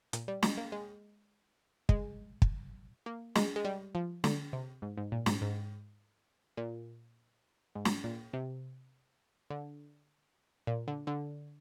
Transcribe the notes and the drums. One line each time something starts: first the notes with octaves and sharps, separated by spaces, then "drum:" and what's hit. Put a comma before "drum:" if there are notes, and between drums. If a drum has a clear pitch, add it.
A#2, drum: hi-hat
G3
G#3, drum: snare
A#3
G#3
G#3, drum: kick
drum: kick
A#3
G#3, drum: snare
G#3
G3
F3
D3, drum: snare
C3
G#2
G#2
A#2
G#2, drum: snare
G#2
A#2
G#2
drum: snare
A#2
C3
D3
A#2
D3
D3